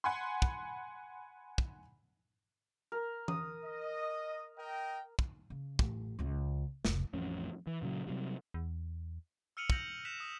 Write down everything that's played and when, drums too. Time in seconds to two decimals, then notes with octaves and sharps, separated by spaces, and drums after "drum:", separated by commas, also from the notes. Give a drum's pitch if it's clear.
0.04 F#5 G#5 B5 C6
0.42 drum: kick
1.58 drum: kick
2.92 A#4
3.28 D#6, drum: tom E3
3.65 D#5
4.58 A#4 D#5 G5
5.19 drum: kick
5.50 C#3
5.79 A1, drum: kick
6.19 C#2 C#3
6.85 F1 C#2, drum: snare
7.13 A1 F2 C#4
7.67 E3
7.82 A#2 C#3 F#3
8.06 C3 F#3 G3
8.54 E2
9.57 E6 F6 C#7 D#7 F7 F#7
9.70 G6 A#6 C#7 F7 F#7, drum: kick
10.05 F#6 B6 E7 F7
10.20 D#6